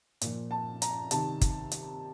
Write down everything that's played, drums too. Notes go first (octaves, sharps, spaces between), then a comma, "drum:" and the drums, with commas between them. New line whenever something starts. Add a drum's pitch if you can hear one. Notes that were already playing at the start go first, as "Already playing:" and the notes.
A#2 F3, drum: hi-hat
A5
A#5, drum: hi-hat
C3 D#3 A5, drum: hi-hat
drum: kick, hi-hat
drum: hi-hat